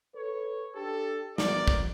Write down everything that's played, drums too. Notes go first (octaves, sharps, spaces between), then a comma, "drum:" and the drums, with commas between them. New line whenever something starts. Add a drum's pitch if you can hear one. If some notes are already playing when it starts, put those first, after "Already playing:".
A4 B4 C#5
D4 G4 A4
G1 B3 F#4 A#4 D5, drum: snare
drum: kick